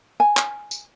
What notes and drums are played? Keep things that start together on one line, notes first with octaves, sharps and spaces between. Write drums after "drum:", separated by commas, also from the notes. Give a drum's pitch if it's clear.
G#5
drum: clap
drum: tambourine